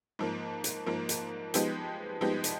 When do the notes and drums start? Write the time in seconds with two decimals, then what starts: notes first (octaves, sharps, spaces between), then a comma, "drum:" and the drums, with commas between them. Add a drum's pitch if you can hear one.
0.19 G#2 F3 A#3
0.64 drum: hi-hat
0.86 G#2 F3 A#3
1.09 drum: hi-hat
1.54 F3 G#3 B3 D#4 G4, drum: hi-hat
2.21 F3 G#3 B3 D#4 G4
2.44 drum: hi-hat